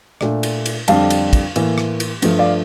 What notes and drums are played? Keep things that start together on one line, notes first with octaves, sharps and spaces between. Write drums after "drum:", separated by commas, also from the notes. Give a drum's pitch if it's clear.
A#2 A3 D4, drum: rim click
drum: cymbal
drum: cymbal
F2 D3 G3 D4 F5 A5, drum: cymbal
drum: cymbal
drum: kick, cymbal
A2 E3 A#3, drum: cymbal
drum: rim click
drum: cymbal
G2 F3 A3, drum: cymbal
D5 F5